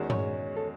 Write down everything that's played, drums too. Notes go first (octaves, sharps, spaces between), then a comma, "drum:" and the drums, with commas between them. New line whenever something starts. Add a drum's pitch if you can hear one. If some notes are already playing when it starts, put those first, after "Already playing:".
Already playing: E2 D#3 G#3 C#4 F#4
C#5, drum: tom G2
A4